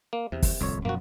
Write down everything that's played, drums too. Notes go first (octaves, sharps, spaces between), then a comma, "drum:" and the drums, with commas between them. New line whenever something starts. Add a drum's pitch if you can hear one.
A#3
E2 C3
drum: kick, open hi-hat
D1 C2 F2 C#5
F#2 B2 F3 A#3 F#4